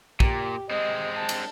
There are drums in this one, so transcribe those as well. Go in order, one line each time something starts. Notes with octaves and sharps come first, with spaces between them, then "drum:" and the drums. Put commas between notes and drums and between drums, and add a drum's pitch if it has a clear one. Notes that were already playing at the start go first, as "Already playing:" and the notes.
A#2 G4, drum: kick
G#3 C4 D#5
A5
drum: cymbal